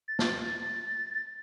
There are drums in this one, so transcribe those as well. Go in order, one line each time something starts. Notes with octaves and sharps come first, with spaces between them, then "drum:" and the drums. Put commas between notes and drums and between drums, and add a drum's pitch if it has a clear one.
A6
drum: snare